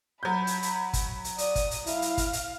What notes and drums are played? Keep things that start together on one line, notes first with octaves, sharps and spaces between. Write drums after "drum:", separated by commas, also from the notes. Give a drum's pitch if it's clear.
F#3 B5 G6
drum: hi-hat
drum: hi-hat
drum: kick, hi-hat
drum: hi-hat
D5 D#6, drum: hi-hat
drum: kick, hi-hat
drum: hi-hat
E4 F5, drum: hi-hat
drum: hi-hat
drum: kick, hi-hat
drum: hi-hat